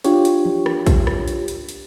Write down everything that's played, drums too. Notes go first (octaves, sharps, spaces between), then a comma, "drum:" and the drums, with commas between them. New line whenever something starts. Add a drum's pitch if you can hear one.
D4 F4 G4 C#5, drum: hi-hat
drum: hi-hat
drum: tom E3
drum: rim click
drum: kick, hi-hat
drum: rim click
drum: hi-hat
drum: hi-hat
drum: hi-hat